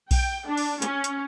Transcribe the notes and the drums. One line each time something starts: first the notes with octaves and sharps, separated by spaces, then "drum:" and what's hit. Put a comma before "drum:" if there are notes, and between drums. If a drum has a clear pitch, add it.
G5, drum: kick B1, open hi-hat
D4
drum: open hi-hat
C#4, drum: hi-hat
drum: hi-hat